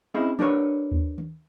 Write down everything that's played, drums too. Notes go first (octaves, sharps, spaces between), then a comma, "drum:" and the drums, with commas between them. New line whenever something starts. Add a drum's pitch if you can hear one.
C4 C#4 E4 G#4 D#5
D4 G4 A#4 B4 C#5, drum: tom
drum: kick D#2
drum: tom D#3